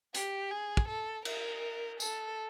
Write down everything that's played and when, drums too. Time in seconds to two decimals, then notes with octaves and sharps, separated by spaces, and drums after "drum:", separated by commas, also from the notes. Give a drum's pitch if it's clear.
0.14 G4, drum: hi-hat
0.51 G#4
0.77 drum: kick
0.88 A4
1.25 A#4, drum: cymbal
2.00 A4, drum: tambourine